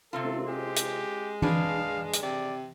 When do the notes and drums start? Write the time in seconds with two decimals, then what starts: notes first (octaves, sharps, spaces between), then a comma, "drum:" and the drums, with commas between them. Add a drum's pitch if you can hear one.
0.13 C3 C4 F4 A4
0.24 drum: cymbal
0.47 G#3 G4
0.76 drum: hi-hat
1.42 D4 G#4 B4 F5, drum: tom E3
2.13 drum: hi-hat
2.22 C3 D5